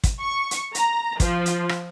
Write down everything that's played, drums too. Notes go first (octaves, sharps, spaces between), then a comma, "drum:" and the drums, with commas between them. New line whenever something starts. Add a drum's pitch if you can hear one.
drum: kick, hi-hat
C#6
drum: hi-hat
A#5, drum: hi-hat
F3, drum: kick, hi-hat
drum: hi-hat
drum: rim click